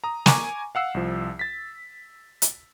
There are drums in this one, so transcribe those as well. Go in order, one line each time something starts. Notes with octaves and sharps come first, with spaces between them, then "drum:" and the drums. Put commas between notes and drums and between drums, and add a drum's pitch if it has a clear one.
A#5 D#6
G#5 A#5 C#6 D6, drum: snare
F5 F#5 E6 C7
C2 F3
A6 B6
drum: hi-hat